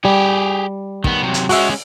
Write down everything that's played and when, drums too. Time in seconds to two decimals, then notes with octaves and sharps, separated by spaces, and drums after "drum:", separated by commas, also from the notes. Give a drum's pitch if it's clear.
0.05 G3 G4 G#4
1.04 D#3 B3, drum: kick
1.23 C3 F#3
1.34 drum: hi-hat
1.49 G#3 C#4 F#4 E5, drum: open hi-hat